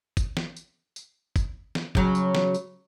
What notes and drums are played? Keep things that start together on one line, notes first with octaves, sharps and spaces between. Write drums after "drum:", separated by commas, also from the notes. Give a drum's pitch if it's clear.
drum: kick, tambourine
drum: snare
drum: tambourine
drum: tambourine
drum: kick, tambourine
drum: snare
C#3 F#3, drum: kick
drum: tambourine
drum: snare
drum: tambourine